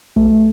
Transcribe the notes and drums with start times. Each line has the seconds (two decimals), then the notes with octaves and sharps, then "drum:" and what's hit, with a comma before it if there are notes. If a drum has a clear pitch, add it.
0.16 A3, drum: kick A#1